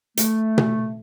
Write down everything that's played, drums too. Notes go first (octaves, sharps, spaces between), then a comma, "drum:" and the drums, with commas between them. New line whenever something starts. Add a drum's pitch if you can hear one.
A3, drum: hi-hat
drum: tom B2